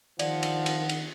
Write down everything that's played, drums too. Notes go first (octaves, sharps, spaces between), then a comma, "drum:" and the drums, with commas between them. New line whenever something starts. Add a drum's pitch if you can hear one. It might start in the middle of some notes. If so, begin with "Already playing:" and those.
D#3 F3 D5 F#5, drum: cymbal
drum: cymbal
drum: cymbal
drum: cymbal